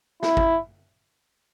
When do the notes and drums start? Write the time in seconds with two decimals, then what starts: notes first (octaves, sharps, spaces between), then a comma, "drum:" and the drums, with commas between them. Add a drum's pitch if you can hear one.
0.23 E4, drum: snare
0.37 drum: kick